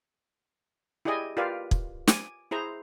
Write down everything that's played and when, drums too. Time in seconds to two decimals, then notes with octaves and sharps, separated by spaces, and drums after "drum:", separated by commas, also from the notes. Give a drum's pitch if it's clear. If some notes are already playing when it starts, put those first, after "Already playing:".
1.05 E4 G4 G#4 D5 D#5 G#5
1.37 F4 G4 A#4 B4 D5 F5
1.71 drum: kick
2.08 G#5 D6, drum: snare
2.51 E4 G#4 C5 A#5